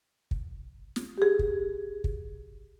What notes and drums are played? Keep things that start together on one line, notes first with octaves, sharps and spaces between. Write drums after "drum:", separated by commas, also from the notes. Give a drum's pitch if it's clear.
drum: kick
drum: snare
G4 G#4
drum: kick
drum: kick